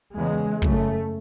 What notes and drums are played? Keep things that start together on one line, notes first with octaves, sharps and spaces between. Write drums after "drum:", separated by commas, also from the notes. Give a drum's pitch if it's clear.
E2 C#3 G#3
F#2 C#3 A3, drum: kick